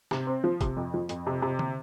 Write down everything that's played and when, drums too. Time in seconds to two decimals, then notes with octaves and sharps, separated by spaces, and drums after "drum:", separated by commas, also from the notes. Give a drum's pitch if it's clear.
0.11 C3, drum: snare
0.27 C4
0.44 F3
0.61 C3, drum: kick, hi-hat
0.77 F2
0.94 F3
1.09 F2, drum: hi-hat
1.27 C3
1.42 C3
1.59 drum: tom D3